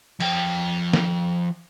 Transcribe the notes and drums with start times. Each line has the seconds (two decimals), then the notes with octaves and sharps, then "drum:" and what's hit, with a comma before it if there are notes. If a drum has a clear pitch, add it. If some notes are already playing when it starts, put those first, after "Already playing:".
0.20 F3 G5, drum: cymbal
0.93 drum: snare